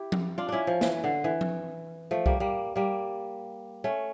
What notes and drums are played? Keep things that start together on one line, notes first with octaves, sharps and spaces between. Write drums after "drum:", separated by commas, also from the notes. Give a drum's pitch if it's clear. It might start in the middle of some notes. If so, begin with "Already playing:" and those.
Already playing: E4 G4
drum: tom F3
D4 F4
C#4 D4 E4
F3
E3, drum: snare
D3
E3
drum: tom F3
F3 A3
G3 A#3, drum: kick C2
G3 A#3
G3 A#3
A3 C#4